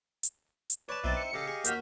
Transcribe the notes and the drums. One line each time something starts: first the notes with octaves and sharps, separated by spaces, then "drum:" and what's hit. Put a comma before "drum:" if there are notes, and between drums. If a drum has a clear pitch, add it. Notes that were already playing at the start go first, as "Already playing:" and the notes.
drum: hi-hat
drum: hi-hat
B4 C#5 D5 A5 D6
B1 C4 D#4 E4 A6
C#7
C#3 G4 A4 D#5 F5
G#4
D#2 F#4 F6 G6 B6, drum: hi-hat